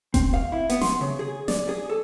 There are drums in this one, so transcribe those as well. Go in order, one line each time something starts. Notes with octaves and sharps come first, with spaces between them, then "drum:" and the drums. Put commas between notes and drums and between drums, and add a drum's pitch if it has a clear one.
C4, drum: kick E1, hi-hat
F5
E4
B3, drum: hi-hat
C6, drum: snare
C#3
G#4
D5, drum: snare
G#4
A4